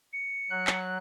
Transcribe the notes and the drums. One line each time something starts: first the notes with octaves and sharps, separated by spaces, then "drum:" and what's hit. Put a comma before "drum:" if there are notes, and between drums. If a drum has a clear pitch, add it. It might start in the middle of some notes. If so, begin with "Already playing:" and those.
C#7
F#3 F#6
drum: clap